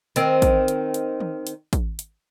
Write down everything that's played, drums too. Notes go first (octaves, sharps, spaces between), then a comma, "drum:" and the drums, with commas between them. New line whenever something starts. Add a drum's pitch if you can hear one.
D#3 C4, drum: hi-hat
drum: kick, hi-hat
drum: hi-hat
drum: hi-hat
drum: tom D#3
drum: hi-hat
drum: kick, hi-hat
drum: hi-hat